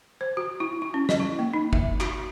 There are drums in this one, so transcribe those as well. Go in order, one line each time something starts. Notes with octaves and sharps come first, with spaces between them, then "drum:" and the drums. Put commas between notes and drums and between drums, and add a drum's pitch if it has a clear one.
C5
F#4
E4
E4
C#4
D#5, drum: snare
E4
A#3
D#4
E5, drum: kick
F#4, drum: clap